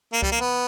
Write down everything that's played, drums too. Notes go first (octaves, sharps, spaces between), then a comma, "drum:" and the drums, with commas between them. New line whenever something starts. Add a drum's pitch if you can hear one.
A#3
G3, drum: kick C2
A#3
B3